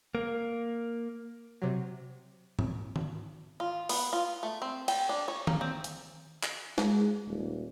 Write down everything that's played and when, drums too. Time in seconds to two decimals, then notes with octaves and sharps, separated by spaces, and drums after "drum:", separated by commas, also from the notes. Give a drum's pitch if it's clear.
0.15 A#3
1.62 C3 F#3
2.59 drum: tom G#2
2.96 drum: tom D#3
3.60 F4
3.89 B3, drum: open hi-hat
4.13 F4
4.43 A3
4.62 C4
4.88 G5, drum: cymbal
5.09 D4
5.28 C#5
5.47 A#3, drum: tom D#3
5.61 C4
5.84 drum: hi-hat
6.43 drum: clap
6.78 G#3, drum: snare
7.27 D#1